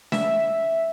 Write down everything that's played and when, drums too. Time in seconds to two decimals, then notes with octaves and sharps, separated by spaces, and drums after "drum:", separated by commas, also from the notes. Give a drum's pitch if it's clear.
0.12 E5, drum: snare